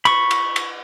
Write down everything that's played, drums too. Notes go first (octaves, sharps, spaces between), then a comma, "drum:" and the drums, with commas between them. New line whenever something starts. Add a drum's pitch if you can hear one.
B5 C#6, drum: cymbal
drum: cymbal
drum: cymbal